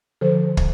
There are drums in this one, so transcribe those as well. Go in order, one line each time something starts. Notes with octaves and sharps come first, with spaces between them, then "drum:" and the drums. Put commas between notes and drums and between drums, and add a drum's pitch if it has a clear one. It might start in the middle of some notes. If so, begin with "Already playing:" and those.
D3 F3 A4 C5
drum: kick